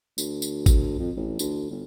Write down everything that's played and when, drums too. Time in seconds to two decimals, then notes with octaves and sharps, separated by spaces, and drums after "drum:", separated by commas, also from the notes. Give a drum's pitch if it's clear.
0.18 D2, drum: tambourine
0.42 drum: tambourine
0.66 drum: kick, tambourine
0.99 F2
1.16 A1
1.39 D2, drum: tambourine
1.71 G1